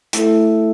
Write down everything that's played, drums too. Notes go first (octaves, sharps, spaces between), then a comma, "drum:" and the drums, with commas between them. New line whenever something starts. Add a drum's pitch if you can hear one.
A3 E4 A4 E5, drum: hi-hat